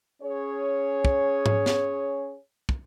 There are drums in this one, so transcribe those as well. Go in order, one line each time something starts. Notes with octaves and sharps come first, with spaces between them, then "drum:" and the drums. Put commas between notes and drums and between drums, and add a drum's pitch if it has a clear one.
C#4 G#4 C#5
drum: kick
drum: tom G#2
drum: snare
drum: kick